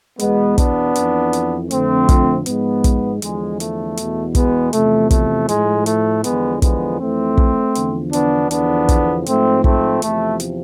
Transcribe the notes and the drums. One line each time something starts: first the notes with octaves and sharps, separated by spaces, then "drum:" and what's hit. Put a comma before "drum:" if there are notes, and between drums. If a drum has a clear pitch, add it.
E2 B2 G#3 B3, drum: hi-hat
B3 D4, drum: kick, hi-hat
F2 E3, drum: hi-hat
drum: hi-hat
F2 D3 F3 A3 C4, drum: hi-hat
drum: kick, hi-hat
G#2 F3 G#3 B3, drum: hi-hat
drum: kick, hi-hat
E2 D3 F3 G#3, drum: hi-hat
A3, drum: hi-hat
E2 B2, drum: hi-hat
G#3 B3, drum: kick, hi-hat
E2 C3 F3 A3, drum: hi-hat
A3, drum: kick, hi-hat
A2 F3 G#3, drum: hi-hat
A3, drum: hi-hat
E2 D3 F3 G#3 B3, drum: hi-hat
G#3 B3, drum: kick, hi-hat
F2 E3 A3 C4
drum: kick
E2 D3 F3, drum: hi-hat
B3 D4, drum: hi-hat
E2 D3 F3 B3 D4, drum: hi-hat
drum: kick, hi-hat
G#2 F3 A3 C4, drum: hi-hat
A3 C4, drum: kick
E2 C3 F3 A3, drum: hi-hat
drum: hi-hat